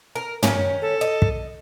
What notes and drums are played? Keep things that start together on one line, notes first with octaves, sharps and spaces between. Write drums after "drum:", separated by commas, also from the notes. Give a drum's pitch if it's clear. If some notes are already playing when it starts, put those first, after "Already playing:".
A#4
D#3 C#4, drum: tom
A4
D#5
drum: kick